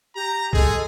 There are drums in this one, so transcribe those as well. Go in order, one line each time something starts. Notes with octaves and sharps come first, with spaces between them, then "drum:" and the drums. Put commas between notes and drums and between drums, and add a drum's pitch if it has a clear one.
G4 A#5
G#3 G#4 A4, drum: kick